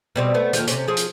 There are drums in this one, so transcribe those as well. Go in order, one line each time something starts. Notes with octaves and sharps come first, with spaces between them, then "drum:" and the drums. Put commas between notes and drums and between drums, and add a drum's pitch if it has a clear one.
B2 G3 C4
A3 B3
D#2 F3, drum: hi-hat
C3 C#4, drum: hi-hat
F3 G#4
drum: hi-hat